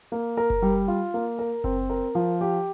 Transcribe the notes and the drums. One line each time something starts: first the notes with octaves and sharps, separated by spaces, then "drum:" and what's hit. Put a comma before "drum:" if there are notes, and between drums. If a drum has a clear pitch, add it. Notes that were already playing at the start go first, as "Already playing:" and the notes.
A#3
A#4
drum: kick F#1
G3
F4
A#3
A#4
C4, drum: kick F#1
A#4
F3
G4